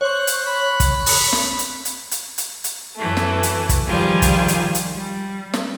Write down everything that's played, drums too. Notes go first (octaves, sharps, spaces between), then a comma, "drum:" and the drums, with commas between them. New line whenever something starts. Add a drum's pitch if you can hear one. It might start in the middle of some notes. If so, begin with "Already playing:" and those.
C5 C#5 C#6 F#6
drum: hi-hat
B5
drum: kick, hi-hat
drum: open hi-hat
drum: snare
drum: hi-hat
drum: hi-hat
drum: hi-hat
drum: hi-hat
drum: hi-hat
F#2 E3 A3
drum: snare
drum: hi-hat
drum: kick, hi-hat
D#3 F3 G3 F4 G#4
drum: kick, hi-hat
drum: hi-hat
drum: hi-hat
G3
drum: snare